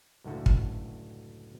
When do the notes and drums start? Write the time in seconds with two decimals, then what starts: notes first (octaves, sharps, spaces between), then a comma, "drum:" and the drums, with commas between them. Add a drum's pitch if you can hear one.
0.24 C#2 F#2 A2 D3 F#4 E5
0.46 drum: kick